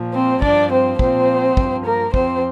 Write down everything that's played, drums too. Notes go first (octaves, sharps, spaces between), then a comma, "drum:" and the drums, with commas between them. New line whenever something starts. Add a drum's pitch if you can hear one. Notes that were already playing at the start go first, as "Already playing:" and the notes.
Already playing: A#2 F3
C4 C5
G2 F3 D4 D5, drum: kick
C4 C5
A#2 F3 C4 C5, drum: kick
G2 F3, drum: kick
A#3 A#4
F2 F3 C4 C5, drum: kick